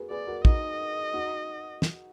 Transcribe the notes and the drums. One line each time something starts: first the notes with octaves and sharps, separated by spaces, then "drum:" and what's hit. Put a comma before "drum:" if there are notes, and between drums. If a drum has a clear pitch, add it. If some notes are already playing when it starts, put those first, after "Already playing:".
Already playing: F#4 G#4 A#4 B4
G#4 B4 D5
F#4 A#4
D#4 F#4 D#5, drum: kick
D#4 F#4
drum: snare